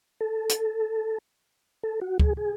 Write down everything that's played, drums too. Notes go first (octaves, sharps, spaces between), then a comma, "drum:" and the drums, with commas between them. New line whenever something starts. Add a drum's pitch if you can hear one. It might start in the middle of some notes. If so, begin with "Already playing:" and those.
A4
drum: hi-hat
A4
F#4
G#4, drum: kick
G#4